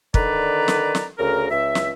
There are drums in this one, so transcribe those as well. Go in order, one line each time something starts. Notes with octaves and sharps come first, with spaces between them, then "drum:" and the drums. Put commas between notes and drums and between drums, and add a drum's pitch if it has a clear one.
D3 D#3 B4 D5 A#5, drum: kick
drum: snare
drum: snare
D2 C#3 A#4
C#2 E5
drum: snare